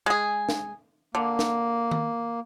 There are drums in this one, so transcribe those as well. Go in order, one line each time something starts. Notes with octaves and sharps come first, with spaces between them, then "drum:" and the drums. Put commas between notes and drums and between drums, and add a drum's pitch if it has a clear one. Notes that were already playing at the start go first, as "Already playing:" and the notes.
G#3 G#4
drum: snare
D3 A#3
drum: snare
drum: tom D#3